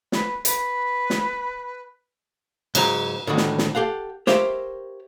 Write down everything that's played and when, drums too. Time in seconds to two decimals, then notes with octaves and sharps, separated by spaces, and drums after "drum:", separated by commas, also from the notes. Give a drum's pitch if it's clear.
0.12 B4, drum: snare
0.45 B4, drum: hi-hat
1.10 drum: snare
2.75 G#2 C#3 F#3 A#5, drum: cymbal
3.27 A2 D3 D#3 F#4
3.37 drum: snare
3.58 drum: snare
3.75 G4 A4 F5 F#5
4.27 G4 A#4 C5 C#5 E5 F5, drum: snare